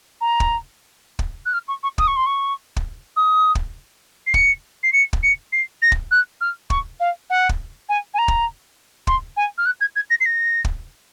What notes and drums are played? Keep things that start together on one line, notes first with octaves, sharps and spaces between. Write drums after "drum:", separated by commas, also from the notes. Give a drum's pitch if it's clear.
A#5
drum: kick
drum: kick
F#6
F6
C#6
C#6
D#6, drum: kick
C#6
C6
C#6
drum: kick
D#6
drum: kick
C7
C#7, drum: kick
C7
C#7
drum: kick
C#7
C7
A#6
drum: kick
F#6
F6
C#6, drum: kick
F5
F#5
drum: kick
G#5
G#5
A#5
drum: kick
C6, drum: kick
G#5
F6
F#6
G#6
G#6
A#6
C7
A#6
drum: kick